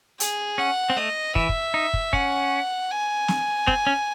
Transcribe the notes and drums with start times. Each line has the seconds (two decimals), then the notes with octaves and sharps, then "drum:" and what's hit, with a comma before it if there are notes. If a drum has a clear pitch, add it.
0.20 G#4, drum: hi-hat
0.58 C#4 F#5
0.90 C4
0.96 A3 D#5
1.35 E3 E5, drum: kick
1.49 drum: kick
1.74 D#4
1.94 drum: kick
2.13 C#4 F#5, drum: kick
2.90 G#5
3.28 drum: snare
3.67 C4, drum: kick
3.87 C#4